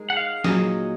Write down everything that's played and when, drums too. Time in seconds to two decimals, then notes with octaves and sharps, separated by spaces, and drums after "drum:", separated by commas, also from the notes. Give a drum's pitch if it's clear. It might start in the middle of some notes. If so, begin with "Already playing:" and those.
Already playing: G#3 D#4 A#4
0.10 F#5
0.17 F5
0.44 A#2 F#3 A#3 D#4 G#4 D#5, drum: snare